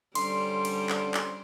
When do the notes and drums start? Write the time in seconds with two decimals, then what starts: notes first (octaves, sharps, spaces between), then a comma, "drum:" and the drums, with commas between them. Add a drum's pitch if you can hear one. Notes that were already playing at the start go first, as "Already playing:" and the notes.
0.15 D3 G3 C#4 C5 C6, drum: cymbal
0.65 drum: cymbal
0.90 drum: clap
1.14 drum: clap